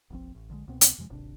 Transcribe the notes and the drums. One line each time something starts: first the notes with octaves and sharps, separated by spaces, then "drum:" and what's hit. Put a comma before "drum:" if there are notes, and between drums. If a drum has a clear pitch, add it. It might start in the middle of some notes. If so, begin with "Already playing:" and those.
F1 A#1 F3 C4
A1
A#1 D3 F3 G#3
C2 B2 B3 C4
drum: hi-hat
F2 C3 F3 G#3
D1 G#1 C3 D4